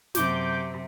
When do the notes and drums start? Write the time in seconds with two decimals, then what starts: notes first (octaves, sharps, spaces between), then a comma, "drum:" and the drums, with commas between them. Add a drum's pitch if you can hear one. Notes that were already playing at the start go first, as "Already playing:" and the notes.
0.15 F#2 C3 D6 G6, drum: snare